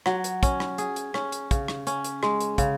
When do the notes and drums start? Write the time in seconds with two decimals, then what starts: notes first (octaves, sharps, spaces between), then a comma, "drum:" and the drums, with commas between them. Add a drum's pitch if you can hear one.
0.06 F#3, drum: rim click
0.24 drum: hi-hat
0.43 C#4, drum: kick, hi-hat
0.60 drum: rim click
0.78 G#4, drum: hi-hat
0.96 drum: hi-hat
1.14 C#4, drum: rim click
1.32 drum: hi-hat
1.51 C#3, drum: kick, hi-hat
1.68 drum: rim click
1.87 C#4, drum: hi-hat
2.04 drum: hi-hat
2.23 G#3, drum: rim click
2.41 drum: hi-hat
2.58 C#3, drum: kick, hi-hat